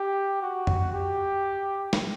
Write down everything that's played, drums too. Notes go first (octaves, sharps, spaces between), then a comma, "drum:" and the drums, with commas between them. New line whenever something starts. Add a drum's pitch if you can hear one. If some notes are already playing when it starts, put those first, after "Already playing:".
Already playing: G4
F#4
drum: tom F2
G4
drum: snare